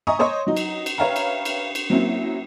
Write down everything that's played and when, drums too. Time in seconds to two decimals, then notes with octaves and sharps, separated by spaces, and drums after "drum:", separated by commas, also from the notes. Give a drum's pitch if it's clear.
0.07 D#5 E5 G#5 A#5 C#6 D#6
0.19 C5 C#5 D#5 C#6 D#6
0.47 F#3 D#4
0.57 drum: cymbal
0.86 drum: cymbal
0.98 B4 C#5 E5 F5 G5 A#5
1.16 drum: cymbal
1.45 drum: cymbal
1.75 drum: cymbal
1.90 F#3 A#3 C4 C#4 E4